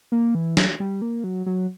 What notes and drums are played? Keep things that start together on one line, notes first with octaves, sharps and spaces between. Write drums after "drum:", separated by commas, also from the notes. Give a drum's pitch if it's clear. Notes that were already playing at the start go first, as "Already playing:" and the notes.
A#3
E3
drum: snare
G3
A#3
F#3
F#3